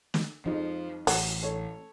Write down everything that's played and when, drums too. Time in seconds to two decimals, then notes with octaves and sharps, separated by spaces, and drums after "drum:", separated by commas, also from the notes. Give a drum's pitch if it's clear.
0.14 drum: snare
0.46 F2 F3 G#3 D#4
1.07 A1 F#3, drum: open hi-hat
1.42 A4 C#5